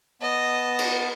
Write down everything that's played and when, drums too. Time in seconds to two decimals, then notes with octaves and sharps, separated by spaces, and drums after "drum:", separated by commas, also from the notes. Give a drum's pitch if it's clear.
0.22 B3 D#5 A5
0.79 drum: cymbal